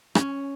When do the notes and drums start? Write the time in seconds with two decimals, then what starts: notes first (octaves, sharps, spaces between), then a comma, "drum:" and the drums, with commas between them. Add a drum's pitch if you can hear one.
0.15 C#4, drum: rim click